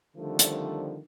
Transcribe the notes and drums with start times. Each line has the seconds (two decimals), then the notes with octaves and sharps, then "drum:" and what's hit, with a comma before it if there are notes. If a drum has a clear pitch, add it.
0.17 D3 D#3 F3 G3 A3 C4
0.39 drum: hi-hat